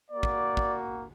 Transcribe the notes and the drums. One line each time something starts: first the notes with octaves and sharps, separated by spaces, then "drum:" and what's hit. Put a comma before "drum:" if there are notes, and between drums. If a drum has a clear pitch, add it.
A#3 F#4 D5
drum: kick
drum: kick